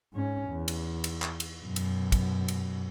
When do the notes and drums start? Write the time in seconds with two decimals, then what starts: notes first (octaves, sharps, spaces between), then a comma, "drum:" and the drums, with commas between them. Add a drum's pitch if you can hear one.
0.14 G#2 C#4
0.50 E2
0.68 drum: cymbal
1.04 drum: cymbal
1.22 drum: clap
1.40 drum: cymbal
1.65 F#2 B2
1.76 drum: cymbal
2.12 drum: kick, cymbal
2.48 drum: cymbal